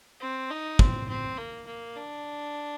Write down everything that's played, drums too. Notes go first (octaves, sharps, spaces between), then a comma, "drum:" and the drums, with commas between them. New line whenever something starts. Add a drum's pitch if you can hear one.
C4
D#4
C4, drum: kick
C4
A#3
A#3
D4